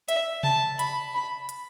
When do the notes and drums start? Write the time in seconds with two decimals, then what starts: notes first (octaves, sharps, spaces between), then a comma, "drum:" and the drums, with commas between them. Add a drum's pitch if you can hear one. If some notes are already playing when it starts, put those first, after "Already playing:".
0.09 E5, drum: hi-hat
0.43 A5, drum: tom C3
0.79 B5, drum: hi-hat
1.14 B5
1.49 drum: hi-hat